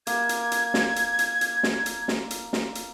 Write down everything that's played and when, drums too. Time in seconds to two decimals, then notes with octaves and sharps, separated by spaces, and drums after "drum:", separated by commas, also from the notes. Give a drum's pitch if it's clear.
0.07 A#3 G#6, drum: hi-hat
0.29 drum: hi-hat
0.52 drum: hi-hat
0.74 drum: snare
0.96 drum: hi-hat
1.19 drum: hi-hat
1.41 drum: hi-hat
1.63 drum: snare
1.86 drum: hi-hat
2.08 drum: snare
2.31 drum: hi-hat
2.53 drum: snare
2.75 drum: hi-hat